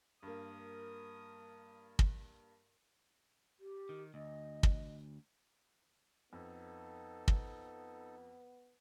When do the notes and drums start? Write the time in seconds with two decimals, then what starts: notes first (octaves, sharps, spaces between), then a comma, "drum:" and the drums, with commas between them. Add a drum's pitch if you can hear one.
0.23 G2 A#3 A#4 D#6
1.99 drum: kick
3.60 G4
3.89 D#3
4.14 D2 D#5
4.63 drum: kick
6.33 F2 B3 D#4 A4
7.28 drum: kick